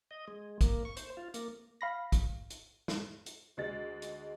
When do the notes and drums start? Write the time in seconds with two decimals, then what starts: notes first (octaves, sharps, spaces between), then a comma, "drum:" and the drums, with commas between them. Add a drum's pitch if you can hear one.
0.11 D#5
0.28 G#3
0.61 A#3, drum: kick, hi-hat
0.85 C#6
0.97 C5, drum: hi-hat
1.17 F4
1.34 A#3, drum: hi-hat
1.81 F5 B5 A#6
2.12 drum: kick, hi-hat
2.50 drum: hi-hat
2.88 drum: snare
3.26 drum: hi-hat
3.57 D2 G#3 A6
4.02 drum: hi-hat